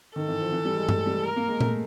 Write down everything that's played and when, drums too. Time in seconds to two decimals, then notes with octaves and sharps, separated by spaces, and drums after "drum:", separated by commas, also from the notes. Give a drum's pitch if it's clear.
0.16 D#3 A4
0.28 E3
0.40 F3
0.52 E3
0.65 G3
0.76 G#3
0.89 A3, drum: tom G2
1.06 G3
1.24 A#4
1.36 A#3
1.48 G#3
1.60 A3, drum: tom A#2